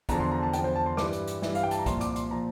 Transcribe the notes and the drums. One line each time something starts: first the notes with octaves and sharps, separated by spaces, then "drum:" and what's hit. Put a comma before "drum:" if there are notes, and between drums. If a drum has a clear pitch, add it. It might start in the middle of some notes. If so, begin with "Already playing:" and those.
E2 D3 F3 A#5, drum: kick, hi-hat
C6
A#5
A5
E2 D3 F3 G5, drum: hi-hat
C5
A5
C6
G2 E3 G3 D6, drum: snare
drum: hi-hat
drum: hi-hat
G2 E3 G3, drum: snare
F5, drum: hi-hat
G5
A5, drum: hi-hat
A#5
C2 A#2 F3 C6, drum: kick, hi-hat
D6, drum: hi-hat
C6, drum: hi-hat
A#2 F3 A#5